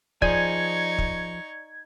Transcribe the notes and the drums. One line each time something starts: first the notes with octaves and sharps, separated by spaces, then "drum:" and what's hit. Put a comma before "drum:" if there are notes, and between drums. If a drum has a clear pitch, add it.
F3 D#4 G#4 D5 C#6 G#6, drum: kick
drum: kick